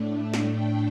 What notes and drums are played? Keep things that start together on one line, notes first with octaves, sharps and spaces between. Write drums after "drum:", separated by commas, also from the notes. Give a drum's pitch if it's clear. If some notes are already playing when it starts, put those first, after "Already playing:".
Already playing: A2 A3 D4
drum: snare
G5